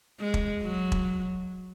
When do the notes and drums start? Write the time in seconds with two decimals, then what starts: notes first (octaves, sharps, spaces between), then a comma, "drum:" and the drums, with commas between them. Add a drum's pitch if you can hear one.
0.20 G#3
0.34 drum: kick E1
0.63 F#3
0.92 drum: kick E1